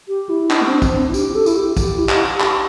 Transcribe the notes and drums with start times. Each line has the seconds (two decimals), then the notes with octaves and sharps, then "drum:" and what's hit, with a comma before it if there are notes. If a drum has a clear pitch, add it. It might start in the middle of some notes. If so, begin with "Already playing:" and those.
0.08 G4
0.29 E4
0.50 D4, drum: clap
0.61 A3
0.66 C4
0.74 D4
0.82 C4, drum: kick, tambourine
0.98 D4
1.09 E4
1.14 G4, drum: tambourine
1.35 A4
1.46 E4, drum: tambourine
1.56 G4
1.77 G4, drum: kick, tambourine
1.99 E4
2.09 G4, drum: clap
2.40 G4, drum: clap